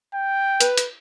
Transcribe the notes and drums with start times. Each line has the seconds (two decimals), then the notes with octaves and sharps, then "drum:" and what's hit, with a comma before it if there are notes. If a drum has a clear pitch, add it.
0.15 G5
0.60 B4, drum: hi-hat
0.77 drum: hi-hat